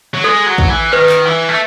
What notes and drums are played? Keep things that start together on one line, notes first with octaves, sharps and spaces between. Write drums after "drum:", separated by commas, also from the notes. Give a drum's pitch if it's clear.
F#3
G#3 A4
F#3
drum: kick
E3
D#3 B4
drum: clap
E3
A3